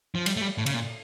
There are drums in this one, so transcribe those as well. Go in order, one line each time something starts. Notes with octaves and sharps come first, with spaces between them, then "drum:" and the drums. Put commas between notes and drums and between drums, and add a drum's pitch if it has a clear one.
F3
G3, drum: cymbal
A3
G3
A2
C#3, drum: cymbal
A#2